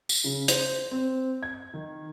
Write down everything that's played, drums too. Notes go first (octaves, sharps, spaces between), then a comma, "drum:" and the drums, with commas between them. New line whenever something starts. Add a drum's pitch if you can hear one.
drum: tambourine
C#3
C5, drum: hi-hat
C4
G#6
D#3